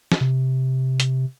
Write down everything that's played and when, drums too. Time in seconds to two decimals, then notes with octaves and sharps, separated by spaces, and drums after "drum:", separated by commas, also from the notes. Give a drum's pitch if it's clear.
0.12 drum: snare
0.21 C3
1.00 drum: hi-hat